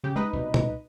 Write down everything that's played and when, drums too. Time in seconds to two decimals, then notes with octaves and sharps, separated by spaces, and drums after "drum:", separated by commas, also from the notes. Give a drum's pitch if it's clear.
0.04 C#3 G4
0.16 G#3 D#4 B4 D#5
0.33 C2 B2 G3
0.54 drum: tom B2